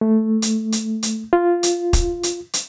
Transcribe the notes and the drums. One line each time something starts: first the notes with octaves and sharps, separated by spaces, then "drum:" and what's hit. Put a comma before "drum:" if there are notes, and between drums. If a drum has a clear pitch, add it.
A3
drum: hi-hat
drum: hi-hat
drum: hi-hat
F4
drum: hi-hat
drum: kick, hi-hat
drum: hi-hat
drum: hi-hat